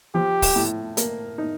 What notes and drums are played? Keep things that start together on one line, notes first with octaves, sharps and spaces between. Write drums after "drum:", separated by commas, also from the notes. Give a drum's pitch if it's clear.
F3 G4
drum: kick, open hi-hat
A2
A#3, drum: hi-hat
D#4